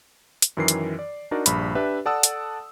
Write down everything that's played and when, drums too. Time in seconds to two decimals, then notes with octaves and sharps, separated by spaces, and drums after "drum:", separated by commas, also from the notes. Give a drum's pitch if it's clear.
0.42 drum: hi-hat
0.57 F#2 D#3 E3 A#4 C7
0.68 drum: hi-hat
0.99 D5
1.31 D4 D#4 F#4 A#4 D5
1.46 A#1 G2 B5, drum: hi-hat
1.75 D4 G4 B4 E5
2.05 A4 D5 F#5 A5 D#6 E6
2.23 drum: hi-hat